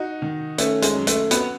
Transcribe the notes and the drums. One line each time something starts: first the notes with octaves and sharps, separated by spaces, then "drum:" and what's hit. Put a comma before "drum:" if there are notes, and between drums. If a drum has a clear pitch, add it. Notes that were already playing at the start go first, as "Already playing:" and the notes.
Already playing: D#4 F#4
D#3
A3 C#4, drum: hi-hat
G#3, drum: hi-hat
F#2
A3, drum: hi-hat
B3 F#4, drum: hi-hat